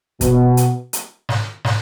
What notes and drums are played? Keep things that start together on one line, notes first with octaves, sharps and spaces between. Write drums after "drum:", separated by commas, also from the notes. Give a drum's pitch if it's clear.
B2, drum: kick, hi-hat
drum: hi-hat
drum: hi-hat
drum: snare
drum: snare